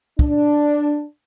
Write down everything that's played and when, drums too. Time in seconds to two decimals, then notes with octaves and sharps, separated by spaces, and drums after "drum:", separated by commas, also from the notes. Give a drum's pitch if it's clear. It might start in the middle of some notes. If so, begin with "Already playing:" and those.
0.19 D4, drum: kick